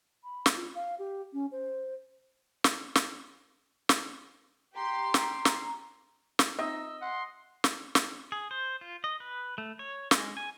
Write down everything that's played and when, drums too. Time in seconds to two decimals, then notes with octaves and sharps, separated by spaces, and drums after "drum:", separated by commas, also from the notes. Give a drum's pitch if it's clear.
0.24 B5
0.46 drum: snare
0.56 F4
0.75 F5
0.99 G4
1.33 C#4
1.52 C5
2.64 drum: snare
2.95 drum: snare
3.89 drum: snare
4.76 G4 A#5 C6
5.14 drum: snare
5.45 drum: snare
6.39 drum: snare
6.59 C4 D#4 F4 D#5 E5 E6
7.01 F#5 C6
7.64 drum: snare
7.95 drum: snare
8.32 G#4
8.51 C5
8.81 F4
9.04 D#5
9.20 B4
9.58 A3
9.79 C#5
10.11 G#3, drum: snare
10.37 G#5